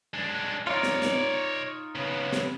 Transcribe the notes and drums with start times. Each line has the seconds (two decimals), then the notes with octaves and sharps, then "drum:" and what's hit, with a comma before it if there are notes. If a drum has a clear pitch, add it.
0.14 G#3 D4
0.67 D#4 F4 C#5 D5
0.83 drum: snare
1.02 drum: snare
1.95 C#3 B3
2.33 drum: snare